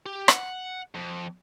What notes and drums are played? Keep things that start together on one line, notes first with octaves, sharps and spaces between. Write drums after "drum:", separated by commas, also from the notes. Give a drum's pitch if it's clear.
G4
F#5, drum: rim click
F2